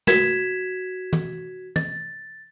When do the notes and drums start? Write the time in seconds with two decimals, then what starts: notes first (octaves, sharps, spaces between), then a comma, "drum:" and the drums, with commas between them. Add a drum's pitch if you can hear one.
0.07 F#4 G#6 B6 E7, drum: snare
1.13 drum: tom
1.76 A6, drum: tom